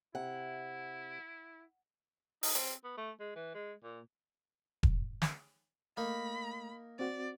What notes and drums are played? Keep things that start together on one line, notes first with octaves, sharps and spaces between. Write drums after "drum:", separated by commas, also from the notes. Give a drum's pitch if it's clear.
C3 E4 F#5
D#4, drum: open hi-hat
C4, drum: hi-hat
B3
A3
G#3
E3
G#3
A#2
drum: kick E1
drum: snare
A3 A#3 D#4 B5
C4 F#4 D5